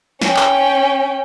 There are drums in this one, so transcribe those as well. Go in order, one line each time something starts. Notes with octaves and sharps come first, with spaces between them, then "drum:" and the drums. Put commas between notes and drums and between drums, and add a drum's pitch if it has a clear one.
C#4 G5, drum: snare
drum: clap